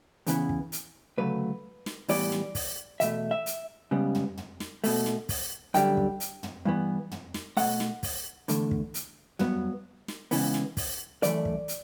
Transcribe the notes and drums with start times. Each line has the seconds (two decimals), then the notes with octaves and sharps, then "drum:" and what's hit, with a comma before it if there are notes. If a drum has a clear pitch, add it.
0.27 E2 C#3 E3 B3, drum: hi-hat
0.49 drum: kick
0.72 drum: hi-hat
1.18 D2 C#3 F#3 A3 B4
1.86 drum: snare
2.09 A2 E3 G3 B3 D5, drum: open hi-hat
2.32 drum: snare
2.55 drum: kick, open hi-hat
3.00 E2 B2 A3 E5, drum: hi-hat
3.31 E5
3.46 drum: hi-hat
3.91 C#2 C#3 G3 B3
4.15 drum: tom
4.37 drum: tom
4.60 drum: snare
4.84 B2 A3, drum: open hi-hat
5.06 drum: snare
5.29 drum: kick, open hi-hat
5.74 F#2 D3 G3 G5, drum: hi-hat
5.97 drum: kick
6.20 drum: hi-hat
6.43 drum: tom
6.65 G2 E3 B3
7.11 drum: tom
7.34 drum: snare
7.57 B2 A3 F#5, drum: open hi-hat
7.80 drum: snare
8.03 drum: kick, open hi-hat
8.48 E2 D3 A3, drum: hi-hat
8.71 drum: kick
8.94 drum: hi-hat
9.39 G2 F#3 B3, drum: tom
10.08 drum: snare
10.31 C#2 C#3 E3 B3, drum: open hi-hat
10.54 drum: snare
10.77 drum: kick, open hi-hat
11.23 F#2 E3 A3 D5, drum: hi-hat
11.45 drum: kick
11.68 drum: hi-hat